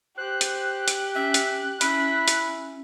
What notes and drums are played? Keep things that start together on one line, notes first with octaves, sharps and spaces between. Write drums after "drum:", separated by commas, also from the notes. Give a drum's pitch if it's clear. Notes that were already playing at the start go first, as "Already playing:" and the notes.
G4 C5 F#6
drum: hi-hat
drum: hi-hat
C#4 E5
drum: hi-hat
C#4 E4 B5, drum: hi-hat
drum: hi-hat